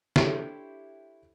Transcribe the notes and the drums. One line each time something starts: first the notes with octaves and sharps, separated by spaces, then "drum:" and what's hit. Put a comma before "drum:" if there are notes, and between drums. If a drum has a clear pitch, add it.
D4 E4 G4 A4 C5 C#5, drum: snare